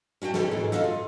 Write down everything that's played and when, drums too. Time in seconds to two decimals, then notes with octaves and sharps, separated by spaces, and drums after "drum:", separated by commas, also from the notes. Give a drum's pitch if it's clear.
0.22 C#4 F#4 F5 G5 A5
0.34 D3 D#3 B3 C#4 A4, drum: snare
0.51 G#2 B2 E3 D4 G#4 A4
0.72 A4 D#5 F5 F#5, drum: snare
0.84 F4